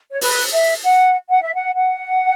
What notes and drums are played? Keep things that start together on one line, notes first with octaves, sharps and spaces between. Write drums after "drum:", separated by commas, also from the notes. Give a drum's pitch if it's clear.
C#5
B4, drum: open hi-hat
E5
F#5
F#5
E5
F#5
F#5